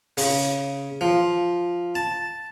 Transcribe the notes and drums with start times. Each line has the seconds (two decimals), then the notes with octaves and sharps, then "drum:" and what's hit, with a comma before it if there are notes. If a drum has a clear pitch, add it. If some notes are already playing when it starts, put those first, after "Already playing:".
0.17 C#3, drum: open hi-hat
1.01 F3
1.95 A5